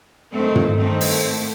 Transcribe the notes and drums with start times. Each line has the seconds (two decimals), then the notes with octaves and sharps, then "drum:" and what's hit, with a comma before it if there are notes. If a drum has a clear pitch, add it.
0.33 F#2 D#3 A3 C4
0.56 drum: tom
0.78 G2 D#3 A3 C4
1.01 drum: open hi-hat
1.23 A2